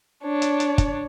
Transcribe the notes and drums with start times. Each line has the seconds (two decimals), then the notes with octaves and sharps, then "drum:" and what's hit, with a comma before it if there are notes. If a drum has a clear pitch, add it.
0.24 D4 C#5
0.42 drum: hi-hat
0.60 drum: hi-hat
0.78 drum: kick, hi-hat